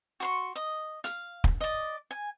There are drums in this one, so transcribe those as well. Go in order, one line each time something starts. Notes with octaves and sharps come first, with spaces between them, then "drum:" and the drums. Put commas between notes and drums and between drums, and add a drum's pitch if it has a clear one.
F#4 C6 C#6
D#5
F5, drum: hi-hat
drum: kick
D5 D#5
G#5